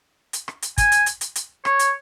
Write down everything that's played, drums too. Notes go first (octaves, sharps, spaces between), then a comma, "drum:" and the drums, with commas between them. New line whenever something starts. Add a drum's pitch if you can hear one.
drum: hi-hat
drum: rim click
drum: hi-hat
G#5, drum: kick, hi-hat
drum: hi-hat
drum: hi-hat
drum: hi-hat
drum: hi-hat
C#5, drum: rim click
drum: hi-hat